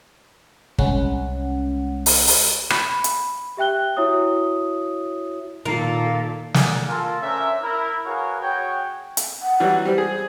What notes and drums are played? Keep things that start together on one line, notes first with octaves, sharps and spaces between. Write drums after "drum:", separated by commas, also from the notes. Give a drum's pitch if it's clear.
C2 G#3 C#4 F#5, drum: kick
drum: open hi-hat
drum: open hi-hat
B5, drum: rim click
drum: hi-hat
G4 E5 G5 F#6 G7
E4 F#4 C#5 E5 D#6
A#2 D#3 A#3 F4 A4 C7
G#4 A#4 D5 F#5 G#5, drum: snare
F4 A4 A#4
C#4 D4 A#4 C5 E5
E4 A#4
F#4 G#4 A#4 B4 C#5 F5
F#4 G#4 C#5 G5
drum: hi-hat
F#5
E3 F#3 G3
G3 C5
G#4